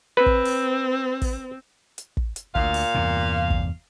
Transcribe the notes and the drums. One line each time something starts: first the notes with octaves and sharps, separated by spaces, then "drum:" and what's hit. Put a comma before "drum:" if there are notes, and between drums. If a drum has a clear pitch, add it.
C4 B4
drum: kick
drum: open hi-hat
drum: kick, open hi-hat
drum: hi-hat
drum: kick
drum: hi-hat
D2 A#2 F5, drum: kick
drum: open hi-hat
E2 G2 C3
drum: kick